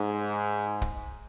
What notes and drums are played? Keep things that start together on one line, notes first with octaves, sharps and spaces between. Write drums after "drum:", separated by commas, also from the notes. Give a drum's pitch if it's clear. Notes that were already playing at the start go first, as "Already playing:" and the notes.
Already playing: G#2
drum: kick